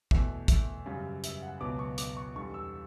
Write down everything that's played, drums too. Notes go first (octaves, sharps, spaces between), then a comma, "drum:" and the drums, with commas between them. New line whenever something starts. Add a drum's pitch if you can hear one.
E2 B2 A3 E5, drum: kick
E5, drum: kick, hi-hat
F#2 C#3 G3
E5, drum: hi-hat
F#5
C#2 B2 F#3 B3 D6
C#6
D6, drum: hi-hat
C#6
E2 D3 G3 C#6
E6